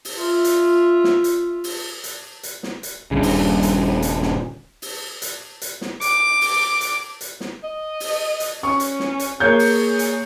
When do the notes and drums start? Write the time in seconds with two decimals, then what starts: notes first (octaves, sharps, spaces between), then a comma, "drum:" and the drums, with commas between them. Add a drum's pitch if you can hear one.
0.05 drum: open hi-hat
0.17 F4 E5
0.44 drum: hi-hat
1.04 drum: snare
1.24 drum: hi-hat
1.64 drum: open hi-hat
2.04 drum: hi-hat
2.43 drum: hi-hat
2.63 drum: snare
2.83 drum: hi-hat
3.11 D#1 A#1 G2 C#3
3.23 drum: open hi-hat
3.63 drum: hi-hat
4.02 drum: hi-hat
4.22 drum: snare
4.82 drum: open hi-hat
5.22 drum: hi-hat
5.62 drum: hi-hat
5.81 drum: snare
6.01 D6, drum: hi-hat
6.41 drum: open hi-hat
6.81 drum: hi-hat
7.21 drum: hi-hat
7.41 drum: snare
7.63 D#5
8.00 drum: open hi-hat
8.40 drum: hi-hat
8.63 C#4 C#6
8.80 drum: hi-hat
9.00 drum: snare
9.19 drum: hi-hat
9.40 A#3 G#4 C#5 G6
9.59 drum: open hi-hat
9.99 drum: hi-hat